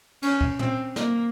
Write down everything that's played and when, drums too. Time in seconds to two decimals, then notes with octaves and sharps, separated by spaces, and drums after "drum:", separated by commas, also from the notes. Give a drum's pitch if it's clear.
0.22 C#4, drum: cymbal
0.41 drum: kick C#2
0.59 C4, drum: tom
0.96 A#3, drum: snare